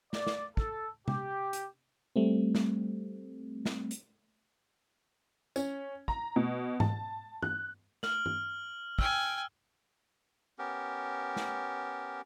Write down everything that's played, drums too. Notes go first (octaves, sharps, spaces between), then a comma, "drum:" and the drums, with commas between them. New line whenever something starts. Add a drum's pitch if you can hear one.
D5, drum: snare
drum: snare
A4, drum: kick
G4, drum: tom C3
drum: hi-hat
G3 A3 C4
drum: snare
drum: snare
drum: hi-hat
C#4, drum: tambourine
A#5, drum: kick
B2
A5, drum: tom G#2
F#6, drum: tom
F6 F#7, drum: snare
drum: tom
G5 G#5 E6 F6, drum: kick
B3 C#4 G4 A#4
drum: snare